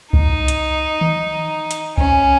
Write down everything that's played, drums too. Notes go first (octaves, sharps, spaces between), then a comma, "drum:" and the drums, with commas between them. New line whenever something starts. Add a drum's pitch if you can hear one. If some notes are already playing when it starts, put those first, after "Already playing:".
D#4, drum: kick C2
drum: hi-hat
drum: tom D#3
drum: hi-hat
C#4, drum: kick C2